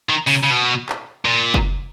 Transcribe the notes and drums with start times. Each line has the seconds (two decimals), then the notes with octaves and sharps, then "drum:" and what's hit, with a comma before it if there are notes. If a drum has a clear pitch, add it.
0.09 D#3
0.27 C#3, drum: open hi-hat
0.43 C#3
0.50 B2
0.89 drum: clap
1.25 A#2
1.54 drum: kick